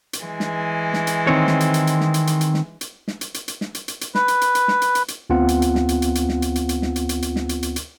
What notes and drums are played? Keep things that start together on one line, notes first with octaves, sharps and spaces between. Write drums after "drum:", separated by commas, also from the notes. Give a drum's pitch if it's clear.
drum: hi-hat
E3 G#3
drum: snare
drum: snare
drum: hi-hat
D#3 C4 C#5
drum: snare
drum: hi-hat
drum: hi-hat
drum: hi-hat
drum: snare
drum: hi-hat
drum: hi-hat
drum: hi-hat
drum: snare
drum: hi-hat
drum: snare
drum: hi-hat
drum: hi-hat
drum: hi-hat
drum: snare
drum: hi-hat
drum: hi-hat
drum: hi-hat
B4, drum: snare
drum: hi-hat
drum: hi-hat
drum: hi-hat
drum: snare
drum: hi-hat
drum: hi-hat
drum: hi-hat
D2 B3 C4 F4 F#5
drum: hi-hat
drum: hi-hat
drum: snare
drum: hi-hat
drum: hi-hat
drum: hi-hat
drum: snare
drum: hi-hat
drum: hi-hat
drum: hi-hat
drum: snare
drum: hi-hat
drum: hi-hat
drum: hi-hat
drum: snare
drum: hi-hat
drum: hi-hat
drum: hi-hat